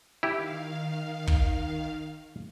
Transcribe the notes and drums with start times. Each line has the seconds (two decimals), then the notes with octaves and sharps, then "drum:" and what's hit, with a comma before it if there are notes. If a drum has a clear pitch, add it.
0.23 D#3 E4 G4 F5
1.27 drum: kick